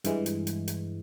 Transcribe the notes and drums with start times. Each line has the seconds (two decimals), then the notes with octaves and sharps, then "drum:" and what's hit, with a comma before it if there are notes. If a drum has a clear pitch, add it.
0.04 G2 E3 G#3, drum: hi-hat
0.26 drum: hi-hat
0.47 drum: hi-hat
0.68 drum: hi-hat